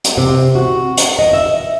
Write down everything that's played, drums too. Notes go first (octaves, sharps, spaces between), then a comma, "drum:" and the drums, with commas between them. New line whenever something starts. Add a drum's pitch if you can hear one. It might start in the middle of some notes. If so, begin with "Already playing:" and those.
drum: hi-hat
C3
F#4
drum: hi-hat
D#5
E5